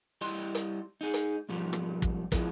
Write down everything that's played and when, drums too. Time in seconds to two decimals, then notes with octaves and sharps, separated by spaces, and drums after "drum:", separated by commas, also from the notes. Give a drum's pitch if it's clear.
0.21 G3 E4 D#5 C6
0.55 drum: hi-hat
1.01 D#4 G#4
1.14 drum: hi-hat
1.49 B1 G#2 F3 G3
1.73 drum: rim click
2.02 drum: kick
2.32 G2 F3 G#3 E4, drum: kick, hi-hat